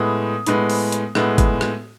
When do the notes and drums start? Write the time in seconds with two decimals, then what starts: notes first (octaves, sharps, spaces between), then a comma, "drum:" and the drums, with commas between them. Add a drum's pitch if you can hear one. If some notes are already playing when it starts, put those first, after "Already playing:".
Already playing: A2 G#3 B3 D#6
0.47 A2 G#3 B3, drum: hi-hat
0.70 drum: open hi-hat
0.92 drum: hi-hat
1.15 A2 G#3 B3, drum: rim click
1.38 drum: kick, hi-hat
1.61 drum: rim click